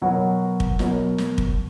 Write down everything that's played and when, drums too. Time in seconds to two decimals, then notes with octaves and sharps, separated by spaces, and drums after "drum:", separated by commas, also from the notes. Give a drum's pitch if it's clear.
0.02 B2 F#3 B3 F#4 A#4
0.60 drum: kick
0.79 B2 F#3 B3 F#4 A#4, drum: snare
1.18 drum: snare
1.38 drum: kick